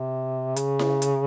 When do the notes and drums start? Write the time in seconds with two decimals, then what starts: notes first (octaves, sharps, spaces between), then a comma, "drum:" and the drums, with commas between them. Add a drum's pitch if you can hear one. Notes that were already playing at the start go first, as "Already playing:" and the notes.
Already playing: C3
0.56 C#3, drum: hi-hat
0.79 drum: snare E4
1.02 drum: hi-hat